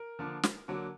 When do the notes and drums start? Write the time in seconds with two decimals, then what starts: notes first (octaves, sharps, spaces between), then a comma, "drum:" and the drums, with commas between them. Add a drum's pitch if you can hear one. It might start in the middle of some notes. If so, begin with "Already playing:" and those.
Already playing: A#4
0.19 D3 F3 A#3
0.43 drum: snare
0.68 D3 F#3 A#3